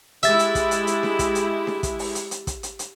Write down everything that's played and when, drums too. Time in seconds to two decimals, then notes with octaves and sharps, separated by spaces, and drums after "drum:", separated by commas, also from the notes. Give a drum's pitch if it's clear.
0.23 G#3 E4 G4 E5 E6 A6, drum: hi-hat
0.39 drum: hi-hat
0.55 drum: kick, hi-hat
0.71 drum: hi-hat
0.87 drum: hi-hat
1.03 drum: snare D4
1.19 drum: kick, hi-hat
1.35 drum: hi-hat
1.67 drum: snare D4
1.83 drum: kick, hi-hat
1.99 drum: open hi-hat
2.15 drum: hi-hat
2.31 drum: hi-hat
2.47 drum: kick, hi-hat
2.63 drum: hi-hat
2.79 drum: hi-hat